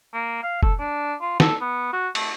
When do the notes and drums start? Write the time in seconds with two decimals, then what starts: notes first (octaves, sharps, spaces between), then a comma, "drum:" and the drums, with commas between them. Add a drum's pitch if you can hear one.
0.14 A#3
0.43 F5
0.63 A4, drum: kick F1
0.79 D4
1.21 F4
1.40 A4, drum: snare
1.61 B3
1.93 F#4
2.15 A3, drum: cymbal